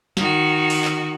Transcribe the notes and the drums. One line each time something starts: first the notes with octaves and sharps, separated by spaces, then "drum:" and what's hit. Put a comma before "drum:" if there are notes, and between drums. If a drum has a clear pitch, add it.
D#3 F#4, drum: snare
drum: open hi-hat
drum: clap